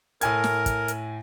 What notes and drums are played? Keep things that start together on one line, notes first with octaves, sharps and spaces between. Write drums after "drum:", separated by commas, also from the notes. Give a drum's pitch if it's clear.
A2 A#4 G#5 G#6, drum: hi-hat
drum: snare
drum: kick, hi-hat
drum: hi-hat